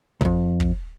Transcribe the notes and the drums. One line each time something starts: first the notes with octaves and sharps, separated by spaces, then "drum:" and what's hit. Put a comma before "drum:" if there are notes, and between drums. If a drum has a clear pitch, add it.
C2 F2, drum: kick
drum: kick